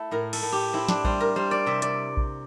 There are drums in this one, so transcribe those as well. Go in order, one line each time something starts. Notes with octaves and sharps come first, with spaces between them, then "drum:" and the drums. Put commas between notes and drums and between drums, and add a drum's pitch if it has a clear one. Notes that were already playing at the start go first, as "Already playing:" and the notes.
Already playing: A3 E4
A2 A#4
A4, drum: cymbal
A2
G4
C4 E4
D4, drum: snare
G3 C5, drum: kick A#1
A#4
G3 C5
D5
C3 E5
D5, drum: hi-hat
drum: kick A#1